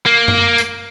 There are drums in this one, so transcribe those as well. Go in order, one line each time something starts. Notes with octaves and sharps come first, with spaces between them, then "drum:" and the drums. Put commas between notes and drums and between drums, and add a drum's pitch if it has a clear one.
A#3
drum: tom F#2
drum: tambourine